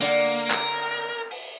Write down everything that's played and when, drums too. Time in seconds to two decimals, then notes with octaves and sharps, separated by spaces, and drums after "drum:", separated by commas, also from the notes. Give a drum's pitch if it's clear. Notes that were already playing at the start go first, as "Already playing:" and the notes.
0.01 D3 A#3 D5 F#5
0.50 A#4, drum: clap
1.31 drum: open hi-hat